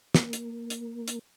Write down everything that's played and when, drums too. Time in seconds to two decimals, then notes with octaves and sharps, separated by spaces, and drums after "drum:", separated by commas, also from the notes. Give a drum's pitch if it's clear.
0.14 A#3, drum: snare
0.33 drum: hi-hat
0.70 drum: hi-hat
1.08 drum: hi-hat